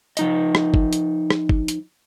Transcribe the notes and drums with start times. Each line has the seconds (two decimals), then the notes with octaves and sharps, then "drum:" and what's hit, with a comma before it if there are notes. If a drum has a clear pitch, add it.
0.17 F3 D#4 D#5, drum: hi-hat
0.55 drum: rim click
0.74 drum: kick
0.93 drum: hi-hat
1.30 drum: rim click
1.49 drum: kick
1.68 drum: hi-hat